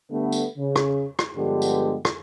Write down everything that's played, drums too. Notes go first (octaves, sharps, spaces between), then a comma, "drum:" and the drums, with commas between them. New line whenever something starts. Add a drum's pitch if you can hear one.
D3 G3 A3 B3
drum: tambourine
C#3
drum: rim click
drum: rim click
G2 D3 F3 G#3 B3 G4
drum: tambourine
drum: rim click